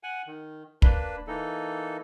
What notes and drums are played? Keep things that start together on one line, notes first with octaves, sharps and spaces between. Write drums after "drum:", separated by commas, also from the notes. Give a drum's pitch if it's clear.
F#5 G#5
D#3
A#3 D4 B4, drum: kick
E3 A#3 D#4 A4